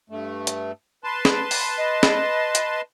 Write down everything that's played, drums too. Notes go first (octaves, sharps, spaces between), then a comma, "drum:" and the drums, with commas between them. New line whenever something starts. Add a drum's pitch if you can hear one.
G2 A3
drum: hi-hat
B4 A5 C6
drum: snare
drum: open hi-hat
D#5
drum: snare
drum: hi-hat